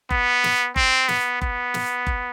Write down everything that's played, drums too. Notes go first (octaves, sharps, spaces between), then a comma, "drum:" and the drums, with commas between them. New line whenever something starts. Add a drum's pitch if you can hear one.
B3, drum: kick F#1
drum: snare
C4, drum: kick F#1
B3, drum: snare
B3, drum: kick F#1
drum: snare
drum: kick F#1